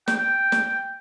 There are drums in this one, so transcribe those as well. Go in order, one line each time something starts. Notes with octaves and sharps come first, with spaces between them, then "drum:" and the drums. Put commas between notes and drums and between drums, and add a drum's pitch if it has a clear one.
G5, drum: snare
drum: snare